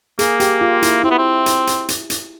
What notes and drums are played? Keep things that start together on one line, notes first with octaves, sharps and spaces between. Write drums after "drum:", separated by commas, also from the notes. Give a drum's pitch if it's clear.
A#3 G#4, drum: hi-hat
G4, drum: hi-hat
F4
E4, drum: hi-hat
C4 E4
B3
C4
drum: hi-hat
drum: hi-hat
drum: hi-hat
drum: hi-hat